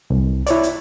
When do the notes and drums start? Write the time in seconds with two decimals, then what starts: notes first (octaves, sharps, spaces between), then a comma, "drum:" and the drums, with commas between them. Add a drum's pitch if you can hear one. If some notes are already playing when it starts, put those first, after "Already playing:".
0.10 C2
0.47 E4 C#5 D5, drum: hi-hat
0.63 drum: hi-hat